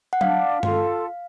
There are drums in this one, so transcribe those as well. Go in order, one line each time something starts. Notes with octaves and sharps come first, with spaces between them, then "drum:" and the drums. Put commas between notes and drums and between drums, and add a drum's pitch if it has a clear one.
F#5
D4 F5, drum: tom F#3
F4 A4, drum: tom G2